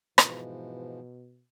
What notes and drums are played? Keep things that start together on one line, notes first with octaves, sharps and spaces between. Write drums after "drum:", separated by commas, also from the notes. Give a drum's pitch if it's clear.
G#2 B2 E3 F3, drum: rim click